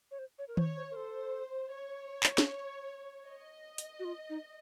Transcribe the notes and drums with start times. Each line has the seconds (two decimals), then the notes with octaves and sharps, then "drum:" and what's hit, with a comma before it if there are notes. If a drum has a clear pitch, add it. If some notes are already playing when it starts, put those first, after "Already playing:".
0.11 C#5
0.19 C5
0.39 C#5
0.48 A#4
0.57 C5 C#5, drum: tom D#3
0.77 C5
0.91 A#4
0.96 A4 C5
1.73 C#5
2.23 drum: clap
2.38 drum: snare
3.27 D#5
3.78 drum: hi-hat
3.99 F#4
4.04 F4
4.29 D#4